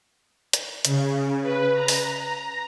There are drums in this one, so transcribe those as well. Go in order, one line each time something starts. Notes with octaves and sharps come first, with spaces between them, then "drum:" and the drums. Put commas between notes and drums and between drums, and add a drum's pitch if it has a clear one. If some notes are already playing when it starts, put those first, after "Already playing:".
drum: hi-hat
C#3, drum: hi-hat
B4
A#5
drum: open hi-hat